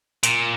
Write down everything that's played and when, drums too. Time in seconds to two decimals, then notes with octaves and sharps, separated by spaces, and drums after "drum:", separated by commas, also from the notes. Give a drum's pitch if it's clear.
0.23 A#2, drum: hi-hat